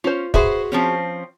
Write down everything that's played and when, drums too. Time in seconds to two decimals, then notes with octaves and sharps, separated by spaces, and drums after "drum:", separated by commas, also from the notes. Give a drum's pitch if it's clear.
0.04 C#4 F4 C5
0.34 F#4 G#4 B4 C5 E5, drum: kick
0.72 F3 C4 C#4